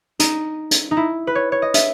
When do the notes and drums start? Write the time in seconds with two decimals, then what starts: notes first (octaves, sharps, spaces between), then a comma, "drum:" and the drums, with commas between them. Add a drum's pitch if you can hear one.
0.19 D#4, drum: hi-hat
0.71 drum: hi-hat
0.91 D#4
0.97 E4
1.27 B4
1.35 C#5
1.52 C#5
1.62 D#5
1.74 E5, drum: hi-hat